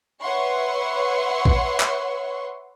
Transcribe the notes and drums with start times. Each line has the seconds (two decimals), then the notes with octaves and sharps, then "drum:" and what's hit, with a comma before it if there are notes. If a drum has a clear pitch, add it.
0.21 B4 C#5 E5 F#5 C6 C#6
1.45 drum: kick A#1
1.80 drum: clap